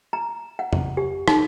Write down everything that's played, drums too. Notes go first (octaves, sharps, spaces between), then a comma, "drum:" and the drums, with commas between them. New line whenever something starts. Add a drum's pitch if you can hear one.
A#5
F#5
drum: tom F2
G4
D#4, drum: rim click